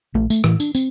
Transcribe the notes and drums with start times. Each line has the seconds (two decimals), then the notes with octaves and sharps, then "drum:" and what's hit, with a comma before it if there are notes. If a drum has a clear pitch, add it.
0.14 A#1 A3
0.30 A3, drum: tambourine
0.44 A2 E3, drum: rim click
0.60 D4, drum: tambourine
0.75 C4, drum: tambourine